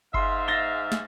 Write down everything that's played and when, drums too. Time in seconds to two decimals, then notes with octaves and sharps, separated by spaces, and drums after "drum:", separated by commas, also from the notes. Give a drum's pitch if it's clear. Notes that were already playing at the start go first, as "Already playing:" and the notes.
0.14 G#2 E5 F5 C6, drum: kick G1
0.48 A6 A#6 G7
0.92 drum: snare